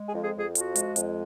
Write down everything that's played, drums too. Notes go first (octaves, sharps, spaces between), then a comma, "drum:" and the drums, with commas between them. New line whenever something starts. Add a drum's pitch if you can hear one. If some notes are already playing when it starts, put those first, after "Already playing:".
Already playing: G#3
G#4
F2
G#4
F2 G#4
F3 F#4, drum: hi-hat
G#3, drum: hi-hat
F2, drum: hi-hat